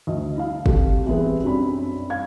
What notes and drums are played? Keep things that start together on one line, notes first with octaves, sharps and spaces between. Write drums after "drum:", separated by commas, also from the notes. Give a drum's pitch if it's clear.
D2 D#5
E4 F5
C4 G4 A4, drum: kick
E3 G3 B3 C4 G#4 B4
B1 F#2 C4 D4 B5
F5 G#6